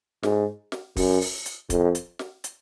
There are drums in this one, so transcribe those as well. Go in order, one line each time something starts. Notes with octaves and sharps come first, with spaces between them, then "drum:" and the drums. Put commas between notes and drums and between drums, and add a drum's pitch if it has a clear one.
G#2, drum: snare
drum: snare
F#2, drum: kick, open hi-hat
drum: open hi-hat
drum: hi-hat
F2, drum: kick, hi-hat
drum: hi-hat
drum: snare
drum: hi-hat